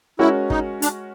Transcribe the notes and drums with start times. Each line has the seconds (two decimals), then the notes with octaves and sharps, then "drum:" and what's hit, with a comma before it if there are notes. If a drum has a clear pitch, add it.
0.19 G#3 C#4 E4 F#4 A#4 C#5
0.50 D#4, drum: kick
0.82 D4, drum: hi-hat